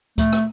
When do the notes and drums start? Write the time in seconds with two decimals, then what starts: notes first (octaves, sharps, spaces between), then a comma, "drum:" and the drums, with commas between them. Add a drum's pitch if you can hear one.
0.18 A3, drum: kick, hi-hat
0.33 drum: rim click